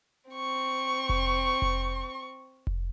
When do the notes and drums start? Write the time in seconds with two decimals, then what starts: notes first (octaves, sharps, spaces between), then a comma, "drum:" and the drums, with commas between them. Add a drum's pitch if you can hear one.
0.31 C4 C#6
1.09 drum: kick F1
1.62 drum: kick F1
2.67 drum: kick F1